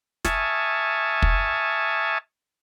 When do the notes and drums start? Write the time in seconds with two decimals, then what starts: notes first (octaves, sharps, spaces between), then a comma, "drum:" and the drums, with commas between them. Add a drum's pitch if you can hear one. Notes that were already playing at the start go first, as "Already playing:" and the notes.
0.25 E5 G#5 A5 C#6 D#6 F6, drum: snare
1.22 drum: kick